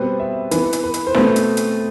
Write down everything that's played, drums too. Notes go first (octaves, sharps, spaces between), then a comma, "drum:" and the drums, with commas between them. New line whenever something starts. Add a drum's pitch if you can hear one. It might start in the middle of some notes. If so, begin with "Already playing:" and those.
Already playing: B2 G3 C4 B4
E5
E3 B3 B4, drum: hi-hat
drum: hi-hat
B4
drum: hi-hat
C5
B2 A3 C4 B4, drum: snare
drum: hi-hat
drum: hi-hat